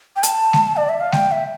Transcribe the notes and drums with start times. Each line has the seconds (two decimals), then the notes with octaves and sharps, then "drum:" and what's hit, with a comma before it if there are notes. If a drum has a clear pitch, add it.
0.16 G5
0.23 A5, drum: hi-hat
0.53 drum: snare G#3
0.77 D5
0.89 E5
1.00 F5
1.12 G5, drum: snare G#3
1.32 E5